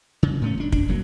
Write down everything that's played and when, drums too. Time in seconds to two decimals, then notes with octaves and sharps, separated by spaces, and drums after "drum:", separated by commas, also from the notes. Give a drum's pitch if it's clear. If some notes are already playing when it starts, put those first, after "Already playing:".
0.23 C#3
0.42 A2 A3 C#4
0.58 G1 D4
0.72 D4, drum: kick
0.88 C2 F#3 A#3